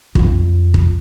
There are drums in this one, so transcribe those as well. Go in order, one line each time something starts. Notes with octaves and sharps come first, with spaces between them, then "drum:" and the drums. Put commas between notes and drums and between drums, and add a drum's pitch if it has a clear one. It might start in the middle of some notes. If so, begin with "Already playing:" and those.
F2 F4, drum: kick
drum: kick